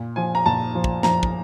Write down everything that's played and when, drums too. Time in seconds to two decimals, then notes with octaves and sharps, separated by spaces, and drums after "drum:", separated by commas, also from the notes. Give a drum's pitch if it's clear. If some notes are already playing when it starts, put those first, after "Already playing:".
Already playing: A#2
0.16 F3 G#5
0.35 A#5
0.46 A#2 A5
0.75 F3
0.84 drum: kick
1.03 F3 A#5, drum: snare
1.23 drum: kick